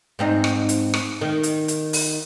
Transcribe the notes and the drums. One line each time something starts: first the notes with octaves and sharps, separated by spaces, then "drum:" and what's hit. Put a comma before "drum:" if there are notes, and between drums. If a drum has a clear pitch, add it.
G#2 C4 D#4
drum: rim click
drum: hi-hat
drum: rim click
D#3
drum: hi-hat
drum: hi-hat
drum: open hi-hat